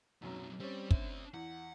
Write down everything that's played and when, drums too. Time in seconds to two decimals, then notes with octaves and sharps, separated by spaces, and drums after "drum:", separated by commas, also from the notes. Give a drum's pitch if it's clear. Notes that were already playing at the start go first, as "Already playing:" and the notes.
0.22 B1 F#2 C3 F#3
0.60 G3 C4 C#4
0.91 D4 E5, drum: kick
1.34 E2 F#5